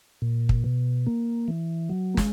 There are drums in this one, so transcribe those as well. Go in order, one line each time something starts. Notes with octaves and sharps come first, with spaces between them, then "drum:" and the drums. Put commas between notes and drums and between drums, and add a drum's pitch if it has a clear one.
A#2
drum: kick
B2
A#3
E3
F#3
A#3
G#3, drum: snare